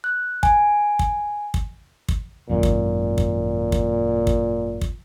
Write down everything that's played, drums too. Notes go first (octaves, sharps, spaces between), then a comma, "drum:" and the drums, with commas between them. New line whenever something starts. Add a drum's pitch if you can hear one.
F#6
G#5, drum: kick
drum: kick
drum: kick
drum: kick
G#1 F#2 A#2 D#3
drum: kick
drum: kick
drum: kick
drum: kick
drum: kick